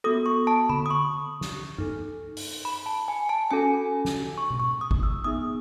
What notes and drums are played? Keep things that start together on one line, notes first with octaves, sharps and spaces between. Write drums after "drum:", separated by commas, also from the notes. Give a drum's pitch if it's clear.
B3 F#4 A4 D#6
C#6
A5
B5, drum: tom D3
D#6
C#6
drum: snare
D#4 A4, drum: tom G2
drum: open hi-hat
B5
A5
G#5
A5
C#4 F#4 A4 G#5
drum: snare
C#6
drum: tom B2
C#6
D#6
drum: kick
E6
B3 D#4 G#4 D#6